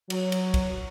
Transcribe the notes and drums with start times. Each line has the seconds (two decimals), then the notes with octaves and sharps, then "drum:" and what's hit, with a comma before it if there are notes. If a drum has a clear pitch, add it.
0.10 F#3, drum: cymbal
0.32 drum: cymbal
0.54 drum: kick C2, cymbal